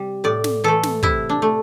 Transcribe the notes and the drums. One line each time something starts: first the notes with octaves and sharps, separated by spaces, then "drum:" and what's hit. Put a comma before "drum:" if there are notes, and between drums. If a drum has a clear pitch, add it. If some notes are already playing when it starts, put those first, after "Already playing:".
Already playing: C3 G3
A2 D5
drum: snare
E3 A3 A4
drum: snare
C3 E4, drum: kick
D4
A3